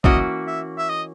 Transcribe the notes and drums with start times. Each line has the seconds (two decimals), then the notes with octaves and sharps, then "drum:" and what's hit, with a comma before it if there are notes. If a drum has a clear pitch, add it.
0.04 E3 A#3 C#4 F#4 D#5, drum: kick
0.47 E5
0.78 E5
0.89 D#5